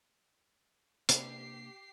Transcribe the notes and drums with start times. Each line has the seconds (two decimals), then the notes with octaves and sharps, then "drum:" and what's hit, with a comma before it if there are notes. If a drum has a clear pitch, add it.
1.09 C3 A#3 D4 G4 C7, drum: hi-hat